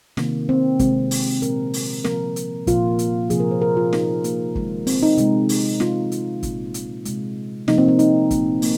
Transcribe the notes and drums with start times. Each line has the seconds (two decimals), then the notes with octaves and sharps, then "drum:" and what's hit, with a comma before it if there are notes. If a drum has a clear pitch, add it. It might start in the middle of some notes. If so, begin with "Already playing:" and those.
0.17 C3 D#3 A#3, drum: snare
0.49 C4
0.79 C3 G#3 C4, drum: kick, hi-hat
1.11 drum: open hi-hat
1.42 A#2 F3 A#3 A#4, drum: hi-hat
1.74 drum: open hi-hat
2.04 C3 F3 A#3 A#4, drum: snare
2.36 drum: hi-hat
2.67 A#2 F3 A#3 F4, drum: kick, hi-hat
2.99 drum: hi-hat
3.30 C3 F3 A#3 G#4, drum: hi-hat
3.40 A#4
3.51 C5
3.62 A#4
3.77 F4
3.93 A#2 A#3 D#4, drum: snare
4.24 A#3, drum: hi-hat
4.55 D#3 G#3, drum: kick
4.87 C4, drum: open hi-hat
5.03 D#4
5.18 C3 G#3, drum: hi-hat
5.49 drum: open hi-hat
5.80 C3 G#3 F4, drum: snare
6.12 drum: hi-hat
6.43 A#2 A#3 C4, drum: kick, hi-hat
6.74 drum: hi-hat
7.05 C3 G#3, drum: hi-hat
7.68 C3 F3 A#3 D#4, drum: snare
7.78 C4
7.88 C4
7.99 D#4, drum: hi-hat
8.31 A#2 A#3, drum: kick, hi-hat
8.62 A#3, drum: open hi-hat